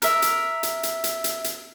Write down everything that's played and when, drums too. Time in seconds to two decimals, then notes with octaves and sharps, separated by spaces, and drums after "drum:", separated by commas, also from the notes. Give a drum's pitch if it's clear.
0.02 A#4 E5, drum: hi-hat
0.22 drum: hi-hat
0.63 drum: hi-hat
0.83 drum: hi-hat
1.04 drum: hi-hat
1.24 drum: hi-hat
1.44 drum: hi-hat